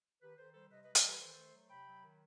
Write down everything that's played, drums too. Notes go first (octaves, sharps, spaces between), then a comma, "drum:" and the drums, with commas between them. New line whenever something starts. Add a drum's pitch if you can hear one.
D#3 G4 B4
D#3 A4 C5
G3 A4 C5
C3 B4 D#5
B4 D#5
G3
A4 C5, drum: hi-hat
E3 G4 B4
D#3 A4 C5
A3
F#3
C3 G5 B5
F#3
D#3